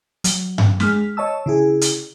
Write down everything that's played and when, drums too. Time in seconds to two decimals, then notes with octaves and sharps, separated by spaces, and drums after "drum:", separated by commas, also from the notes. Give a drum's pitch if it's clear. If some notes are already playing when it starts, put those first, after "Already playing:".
0.24 F#3, drum: hi-hat
0.58 drum: tom G2
0.80 G#3 F6 B6, drum: snare
1.17 C#5 D#5 A5 E6
1.46 C#3 E4 G#4
1.81 drum: hi-hat